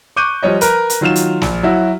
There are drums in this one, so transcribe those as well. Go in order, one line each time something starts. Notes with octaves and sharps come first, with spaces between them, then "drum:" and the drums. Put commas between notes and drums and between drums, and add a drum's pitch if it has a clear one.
C#6 D6 F#6 G6 D#7
F3 G3 C#5 D#5
A#4 B4, drum: hi-hat
drum: hi-hat
D#3 F#3 F4 F6 E7
drum: hi-hat
A#1, drum: snare
F#3 E4 F#4